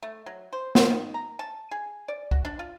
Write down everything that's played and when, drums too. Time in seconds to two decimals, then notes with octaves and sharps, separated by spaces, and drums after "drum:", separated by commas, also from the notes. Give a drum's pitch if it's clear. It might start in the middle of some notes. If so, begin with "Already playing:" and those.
0.03 A3
0.26 F#3
0.53 C5
0.75 C5, drum: snare
0.90 D#3
1.14 A#5
1.39 A5
1.71 G#4
2.08 D5
2.31 F#4, drum: kick
2.45 D4
2.59 F4